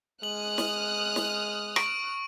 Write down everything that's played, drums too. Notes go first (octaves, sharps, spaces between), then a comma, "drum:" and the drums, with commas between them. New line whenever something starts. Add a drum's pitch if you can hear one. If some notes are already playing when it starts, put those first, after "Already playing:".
G#3 D#6 F6 F#6 F#7
drum: snare
drum: snare
C#6 D7, drum: rim click